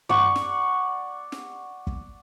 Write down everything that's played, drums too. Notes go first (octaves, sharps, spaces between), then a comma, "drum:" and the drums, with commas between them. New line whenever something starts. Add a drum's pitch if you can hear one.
D5 F#5 C#6, drum: tom
drum: snare
drum: snare
drum: kick